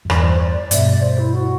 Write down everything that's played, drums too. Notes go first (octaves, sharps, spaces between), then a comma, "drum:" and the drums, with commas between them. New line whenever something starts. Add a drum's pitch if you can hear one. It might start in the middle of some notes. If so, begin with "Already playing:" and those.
F#2
E2 G2 D5, drum: rim click
B4
C5
D5
D5
G2 B2 E5, drum: hi-hat
D5
C5
E4
F#4